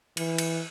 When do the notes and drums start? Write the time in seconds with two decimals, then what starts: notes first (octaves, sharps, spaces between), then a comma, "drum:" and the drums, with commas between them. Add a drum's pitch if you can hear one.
0.17 E3, drum: cymbal
0.38 drum: cymbal